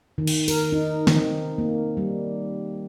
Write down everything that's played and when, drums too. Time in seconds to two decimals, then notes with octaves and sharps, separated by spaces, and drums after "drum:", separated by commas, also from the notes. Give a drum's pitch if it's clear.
0.18 D#3
0.27 drum: cymbal
0.48 A#4, drum: open hi-hat
0.72 D#4
1.07 C4, drum: snare
1.58 A#3
1.97 G3